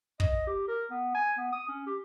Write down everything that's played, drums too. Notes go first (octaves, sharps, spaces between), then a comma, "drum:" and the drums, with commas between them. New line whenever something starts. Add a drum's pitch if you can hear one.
D#5, drum: kick
G4
A#4
B3
G#5
B3
D#6
C#4
G4